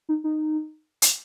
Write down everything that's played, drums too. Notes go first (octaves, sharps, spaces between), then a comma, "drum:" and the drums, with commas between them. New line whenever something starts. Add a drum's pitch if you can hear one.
D#4
D#4
drum: hi-hat